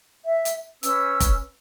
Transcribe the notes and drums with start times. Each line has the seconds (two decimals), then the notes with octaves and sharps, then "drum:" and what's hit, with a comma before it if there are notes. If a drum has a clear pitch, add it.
0.24 E5
0.45 drum: hi-hat
0.83 C#4 B4 E6, drum: hi-hat
1.20 drum: kick F1, hi-hat